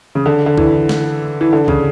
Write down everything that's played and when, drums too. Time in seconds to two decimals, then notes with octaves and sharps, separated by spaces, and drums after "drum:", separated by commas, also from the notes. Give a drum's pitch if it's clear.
0.15 C#3
0.26 D3
0.46 D3
0.58 E3, drum: kick C2
0.89 drum: snare
1.41 E3
1.53 D3
1.68 C#3, drum: kick C2